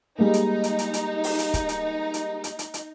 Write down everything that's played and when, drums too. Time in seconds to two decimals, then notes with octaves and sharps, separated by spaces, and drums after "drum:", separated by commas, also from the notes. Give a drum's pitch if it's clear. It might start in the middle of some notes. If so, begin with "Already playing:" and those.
0.18 G3 G#3 A#3 D#4
0.34 drum: hi-hat
0.64 drum: hi-hat
0.79 drum: hi-hat
0.94 drum: hi-hat
1.24 drum: open hi-hat
1.39 drum: hi-hat
1.54 drum: kick, hi-hat
1.69 drum: hi-hat
2.14 drum: hi-hat
2.44 drum: hi-hat
2.59 drum: hi-hat
2.74 drum: hi-hat